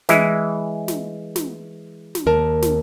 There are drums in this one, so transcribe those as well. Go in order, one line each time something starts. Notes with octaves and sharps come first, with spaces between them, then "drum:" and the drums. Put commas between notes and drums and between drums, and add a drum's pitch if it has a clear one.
E3 G#3 E4, drum: snare
drum: snare
drum: snare
drum: snare
D#2 A#4 A5
drum: snare